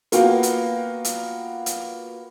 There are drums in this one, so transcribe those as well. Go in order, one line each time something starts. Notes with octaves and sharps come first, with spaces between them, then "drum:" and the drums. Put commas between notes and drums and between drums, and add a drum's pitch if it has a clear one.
A#3 B3 F4 F#4 G5, drum: hi-hat
drum: hi-hat
drum: hi-hat
drum: hi-hat